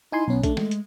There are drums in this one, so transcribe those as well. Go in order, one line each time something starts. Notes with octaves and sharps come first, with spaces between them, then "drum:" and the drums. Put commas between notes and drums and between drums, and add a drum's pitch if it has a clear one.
D#4 E4 G#5 C6
B1 B3 C#4
A3 D4, drum: kick A#1, hi-hat
G#3, drum: snare
drum: hi-hat